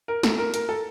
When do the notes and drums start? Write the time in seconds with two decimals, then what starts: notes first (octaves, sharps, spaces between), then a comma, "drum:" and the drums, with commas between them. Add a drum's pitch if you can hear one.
0.08 A#4
0.23 A4, drum: snare
0.38 A#4
0.54 A#4, drum: hi-hat
0.69 A4